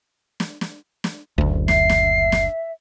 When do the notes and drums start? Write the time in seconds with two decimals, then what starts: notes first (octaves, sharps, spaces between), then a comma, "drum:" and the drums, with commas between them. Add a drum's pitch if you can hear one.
0.40 drum: snare
0.61 drum: snare
1.04 drum: snare
1.38 F#1 D2
1.68 E5 C7, drum: snare
1.90 drum: snare
2.32 drum: snare